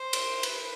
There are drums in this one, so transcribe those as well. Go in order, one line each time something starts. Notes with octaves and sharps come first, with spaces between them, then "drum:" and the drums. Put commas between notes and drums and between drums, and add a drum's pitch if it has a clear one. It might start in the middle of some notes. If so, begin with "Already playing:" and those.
Already playing: C5
drum: cymbal
B4, drum: cymbal